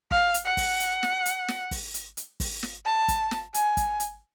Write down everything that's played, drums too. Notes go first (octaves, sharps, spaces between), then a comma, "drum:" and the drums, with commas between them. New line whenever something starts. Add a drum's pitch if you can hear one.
F5, drum: kick
drum: hi-hat
F#5
drum: kick, open hi-hat
drum: hi-hat
drum: snare
drum: hi-hat
drum: snare
drum: kick, open hi-hat
drum: hi-hat
drum: hi-hat
drum: kick, open hi-hat
drum: snare
A5
drum: kick, hi-hat
drum: snare
G#5, drum: hi-hat
drum: kick, hi-hat
drum: hi-hat